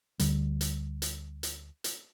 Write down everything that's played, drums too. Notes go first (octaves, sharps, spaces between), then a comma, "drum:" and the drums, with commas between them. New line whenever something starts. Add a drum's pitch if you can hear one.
D2 D3 G3, drum: hi-hat
drum: hi-hat
drum: hi-hat
drum: hi-hat
drum: hi-hat